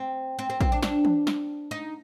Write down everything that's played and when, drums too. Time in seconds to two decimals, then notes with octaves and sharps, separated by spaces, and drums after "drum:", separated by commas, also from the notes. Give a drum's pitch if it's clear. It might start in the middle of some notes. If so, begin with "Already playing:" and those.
Already playing: C4
0.39 C4
0.50 C4
0.61 C4, drum: kick
0.72 D4
0.83 D4, drum: snare
1.05 drum: tom E3
1.27 drum: snare
1.71 D#4